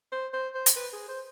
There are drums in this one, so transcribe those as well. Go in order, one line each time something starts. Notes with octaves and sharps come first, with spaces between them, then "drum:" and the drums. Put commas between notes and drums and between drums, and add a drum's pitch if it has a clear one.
C5
C5
C5
drum: hi-hat
B4
G#4
C5